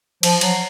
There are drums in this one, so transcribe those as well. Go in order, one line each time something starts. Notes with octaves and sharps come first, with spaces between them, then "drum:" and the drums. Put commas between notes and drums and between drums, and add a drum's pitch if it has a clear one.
F3, drum: cymbal
F#3, drum: cymbal